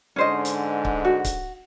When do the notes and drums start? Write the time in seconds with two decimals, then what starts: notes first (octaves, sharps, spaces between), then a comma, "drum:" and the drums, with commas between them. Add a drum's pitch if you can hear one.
0.16 G#2 D3 G#3 C#4 C5 D#5
0.45 drum: hi-hat
0.85 drum: kick C#1
1.05 F#4
1.25 drum: kick C#1, hi-hat